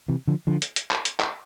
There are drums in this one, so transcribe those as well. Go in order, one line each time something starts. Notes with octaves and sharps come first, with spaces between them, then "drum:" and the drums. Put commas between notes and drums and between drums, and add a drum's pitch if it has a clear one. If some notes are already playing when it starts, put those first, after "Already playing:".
C3 E3
D3 F3
D3 F3
drum: hi-hat
drum: hi-hat
drum: clap
drum: hi-hat
drum: clap